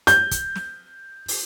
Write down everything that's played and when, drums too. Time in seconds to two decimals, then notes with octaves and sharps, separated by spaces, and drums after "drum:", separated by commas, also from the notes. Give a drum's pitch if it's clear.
0.07 G6, drum: hi-hat
0.31 drum: kick, hi-hat
0.56 drum: snare
1.28 drum: open hi-hat